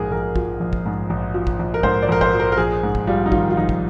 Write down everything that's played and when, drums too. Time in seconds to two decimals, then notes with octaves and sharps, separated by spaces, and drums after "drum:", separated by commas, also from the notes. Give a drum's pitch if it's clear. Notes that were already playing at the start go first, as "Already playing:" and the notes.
Already playing: A#1 G#2 G#4 A#4
0.11 A#1 A#4
0.36 F3, drum: kick
0.60 A#1
0.73 drum: kick
0.86 G#2
1.10 A#1
1.34 F3
1.47 drum: kick
1.59 A#1
1.74 A#4
1.83 G#2 C5, drum: kick
2.02 D5
2.08 A#1 A#4
2.21 C5, drum: kick
2.33 F3
2.40 A#4
2.52 A#4
2.57 A#1 G#4
2.83 G#2
2.95 drum: kick
3.07 G3 F4
3.26 D#4
3.32 D#3 F4, drum: kick
3.51 F4
3.57 A#1 D#4
3.69 drum: kick